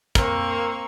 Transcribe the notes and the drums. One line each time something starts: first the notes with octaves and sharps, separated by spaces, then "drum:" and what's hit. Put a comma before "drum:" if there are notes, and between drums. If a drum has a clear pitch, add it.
A#3 C4 A#4 C#6, drum: kick, hi-hat